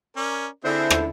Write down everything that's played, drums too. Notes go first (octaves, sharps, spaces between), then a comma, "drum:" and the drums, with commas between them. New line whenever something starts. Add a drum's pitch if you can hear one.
C#4 A#4 D5
D3 C4 E4 G#4 C5 E5
drum: rim click